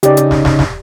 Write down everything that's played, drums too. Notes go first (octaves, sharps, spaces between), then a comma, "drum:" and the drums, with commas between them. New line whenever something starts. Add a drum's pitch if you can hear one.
C#3 D#4 G4 D5, drum: hi-hat
drum: hi-hat
drum: snare
drum: snare
drum: snare